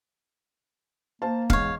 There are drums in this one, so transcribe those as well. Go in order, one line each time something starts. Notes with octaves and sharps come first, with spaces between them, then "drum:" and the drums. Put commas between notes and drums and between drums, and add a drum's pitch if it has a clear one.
A#3 C5 F5 A5
E2 G#2 C#5 F5, drum: kick